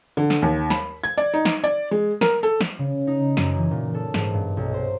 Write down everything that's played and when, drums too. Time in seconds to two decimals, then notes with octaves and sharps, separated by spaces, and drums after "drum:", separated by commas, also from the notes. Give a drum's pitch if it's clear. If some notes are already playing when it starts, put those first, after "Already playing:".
0.17 D3
0.30 drum: snare
0.42 D#2
0.70 B5, drum: snare
1.04 G#6
1.18 D5
1.34 D#4
1.45 drum: snare
1.64 D5
1.91 G#3
2.21 A#4, drum: snare
2.43 A4
2.61 drum: snare
2.78 C#3
3.07 D#4
3.37 F#2, drum: snare
3.57 E3
3.71 A#2
3.94 A4
4.14 G#2, drum: snare
4.33 G2
4.57 B1
4.74 C5